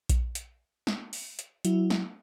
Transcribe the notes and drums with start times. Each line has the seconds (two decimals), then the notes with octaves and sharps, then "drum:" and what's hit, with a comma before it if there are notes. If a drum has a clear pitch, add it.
0.09 drum: kick A#1, hi-hat
0.35 drum: hi-hat
0.87 drum: snare
1.13 drum: open hi-hat
1.39 drum: hi-hat
1.65 F#3 E4, drum: hi-hat
1.90 drum: snare